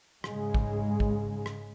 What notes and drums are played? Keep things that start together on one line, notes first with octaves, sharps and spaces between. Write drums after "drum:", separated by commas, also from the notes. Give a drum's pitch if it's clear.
G#2 C#3 G#3, drum: rim click
drum: kick
drum: kick
drum: rim click